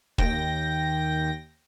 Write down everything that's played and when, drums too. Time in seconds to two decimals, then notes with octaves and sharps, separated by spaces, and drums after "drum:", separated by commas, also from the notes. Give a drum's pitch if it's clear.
0.18 D#2 G5 A#6, drum: kick